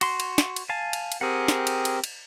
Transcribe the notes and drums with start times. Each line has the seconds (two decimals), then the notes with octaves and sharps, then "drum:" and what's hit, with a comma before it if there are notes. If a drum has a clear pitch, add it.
0.01 F#4 C6, drum: cymbal
0.20 drum: cymbal
0.38 drum: snare
0.56 drum: cymbal
0.69 F5 G#5 A5
0.93 drum: cymbal
1.12 drum: cymbal
1.21 C4 G4 G#4 A#4 F#5
1.48 drum: snare
1.67 drum: cymbal
1.85 drum: cymbal
2.04 drum: cymbal